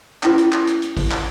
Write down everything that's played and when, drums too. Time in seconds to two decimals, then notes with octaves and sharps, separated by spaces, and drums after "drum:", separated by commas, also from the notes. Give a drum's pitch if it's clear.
0.23 C#4 E4 B4, drum: clap
0.38 drum: hi-hat
0.52 drum: clap
0.67 drum: hi-hat
0.82 drum: hi-hat
0.97 drum: kick, open hi-hat
1.11 drum: clap